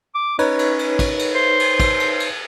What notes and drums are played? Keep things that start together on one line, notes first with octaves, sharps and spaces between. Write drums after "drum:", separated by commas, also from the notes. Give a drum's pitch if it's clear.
D6
C#4 D#4 B4 C#5, drum: cymbal
drum: cymbal
drum: cymbal
drum: kick, cymbal
drum: cymbal
C5
drum: cymbal
drum: kick, cymbal
drum: cymbal
drum: cymbal